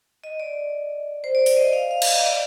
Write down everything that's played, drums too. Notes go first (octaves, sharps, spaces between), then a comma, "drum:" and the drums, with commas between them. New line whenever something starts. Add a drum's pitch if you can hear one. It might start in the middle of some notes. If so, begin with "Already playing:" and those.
D#5
D5
C5
D5
D5, drum: open hi-hat
D#5
F5
F5
F5, drum: cymbal
D#5
D5